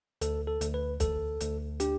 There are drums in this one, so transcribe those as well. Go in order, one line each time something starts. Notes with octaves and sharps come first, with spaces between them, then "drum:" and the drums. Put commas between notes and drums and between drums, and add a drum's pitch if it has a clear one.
D2 A4, drum: hi-hat
A4
D2, drum: hi-hat
B4
D2 A4, drum: kick, hi-hat
D2, drum: hi-hat
D4 G4, drum: hi-hat